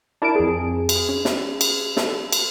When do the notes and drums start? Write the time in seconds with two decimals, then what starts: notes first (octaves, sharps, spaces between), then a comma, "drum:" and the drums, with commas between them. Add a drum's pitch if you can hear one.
0.22 D4 E4 A#4 A5 D7
0.35 F2 C4 G#4
0.89 drum: cymbal
1.09 C#4
1.25 drum: snare
1.61 drum: cymbal
1.97 A4, drum: snare
2.32 drum: cymbal